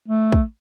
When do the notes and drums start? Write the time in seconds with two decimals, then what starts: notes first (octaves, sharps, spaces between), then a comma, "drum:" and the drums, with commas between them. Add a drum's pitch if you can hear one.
0.08 A3
0.32 drum: kick